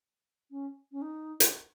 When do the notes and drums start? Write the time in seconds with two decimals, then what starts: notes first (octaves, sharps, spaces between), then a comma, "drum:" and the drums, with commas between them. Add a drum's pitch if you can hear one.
0.51 C#4
0.92 C#4
1.02 D#4
1.40 drum: hi-hat